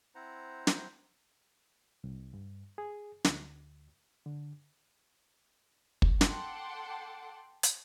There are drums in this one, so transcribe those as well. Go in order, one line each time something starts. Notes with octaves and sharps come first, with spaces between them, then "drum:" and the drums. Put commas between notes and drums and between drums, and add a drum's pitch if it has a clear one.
C4 E4 C5 F#5 A#5
drum: snare
C2
G2
G#4
D2, drum: snare
D3
drum: kick
A4 F#5 G5 A5 C6 D6, drum: snare
drum: hi-hat